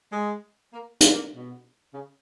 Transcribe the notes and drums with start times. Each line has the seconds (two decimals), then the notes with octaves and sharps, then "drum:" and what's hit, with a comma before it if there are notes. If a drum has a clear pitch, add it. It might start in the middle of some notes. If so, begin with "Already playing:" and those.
0.12 G#3
0.73 A#3
1.01 drum: hi-hat
1.13 A#3
1.35 B2
1.94 C#3